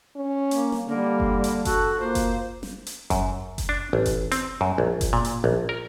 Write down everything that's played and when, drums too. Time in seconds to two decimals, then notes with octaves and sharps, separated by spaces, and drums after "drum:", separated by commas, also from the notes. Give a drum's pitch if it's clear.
0.16 C#4
0.51 A#3, drum: hi-hat
0.72 drum: snare
0.89 D3 G3 A#3
1.20 drum: kick F#1
1.44 drum: hi-hat
1.65 F#4 A4, drum: kick F#1, hi-hat
2.00 A#3 F4 C5
2.15 drum: kick F#1, hi-hat
2.63 drum: snare
2.87 drum: hi-hat
3.10 F#2, drum: kick F#1, hi-hat
3.58 drum: kick F#1, hi-hat
3.69 D4
3.93 A1
4.06 drum: kick F#1, hi-hat
4.32 C4, drum: hi-hat
4.61 F#2
4.78 A#1
5.01 drum: kick F#1, hi-hat
5.13 A#2
5.25 drum: hi-hat
5.44 A#1
5.69 A#4